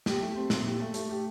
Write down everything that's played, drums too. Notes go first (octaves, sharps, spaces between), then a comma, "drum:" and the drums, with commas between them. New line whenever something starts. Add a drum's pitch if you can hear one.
G4, drum: snare
A3
C4
A#2, drum: snare
G4
A3
A3, drum: hi-hat
G4